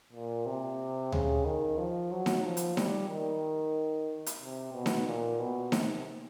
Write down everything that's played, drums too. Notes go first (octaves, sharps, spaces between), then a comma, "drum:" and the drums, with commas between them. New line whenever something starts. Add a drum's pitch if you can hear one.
A#2
C3
C#3, drum: tom D2
D#3
F3
F#3
drum: snare D#4
F3
drum: hi-hat
G3, drum: snare D#4
D#3
drum: hi-hat
C3
B2
drum: snare D#4
A#2
B2
C3, drum: snare D#4